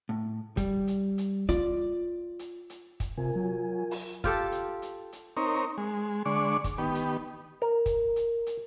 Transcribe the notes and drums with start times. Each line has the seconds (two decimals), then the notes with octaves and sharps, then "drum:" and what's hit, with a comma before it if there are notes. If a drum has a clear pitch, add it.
0.09 A2
0.57 G3, drum: kick, hi-hat
0.88 drum: hi-hat
1.18 drum: hi-hat
1.49 F4 D5, drum: hi-hat
2.39 drum: hi-hat
2.70 drum: hi-hat
3.00 drum: kick, hi-hat
3.18 C3 F4 A#4 G#5
3.36 F#3
3.91 drum: open hi-hat
4.24 F4 G4 A4, drum: kick, hi-hat
4.52 drum: hi-hat
4.82 drum: hi-hat
5.13 drum: hi-hat
5.37 C4 D#4 A#4 C#5
5.78 G#3
6.26 D3 G#3 D5 C#6
6.64 drum: kick, hi-hat
6.78 D#3 B3 G4
6.95 drum: hi-hat
7.62 A#4
7.86 drum: kick, hi-hat
8.16 drum: hi-hat
8.46 drum: hi-hat